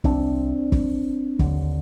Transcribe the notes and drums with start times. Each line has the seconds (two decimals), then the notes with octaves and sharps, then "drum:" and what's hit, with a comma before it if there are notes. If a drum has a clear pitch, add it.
0.04 C2 C3 C4 D4, drum: kick
0.72 drum: kick
1.39 D#2 D3, drum: kick